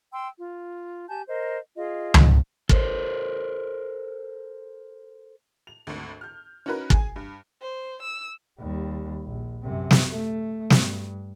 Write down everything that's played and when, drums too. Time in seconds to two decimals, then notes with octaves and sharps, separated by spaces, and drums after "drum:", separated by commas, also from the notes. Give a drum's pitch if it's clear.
0.11 G5 C6 E6
0.37 F4
1.09 G4 G#5 A5 G6
1.28 A#4 C5 D#5
1.76 F4 G#4 D#5
2.14 drum: tom C#2
2.69 A4 A#4 C5, drum: kick
5.67 F7
5.87 G#1 D2
6.21 F6 G6
6.66 C#4 D#4 F#4 A#4 B4
6.90 G#4 G#5, drum: kick
7.16 G2
7.62 C5
8.02 E6
8.59 D#2 G3
9.26 A#1
9.62 F#2 C3
9.91 drum: snare
10.09 A3
10.70 G2, drum: snare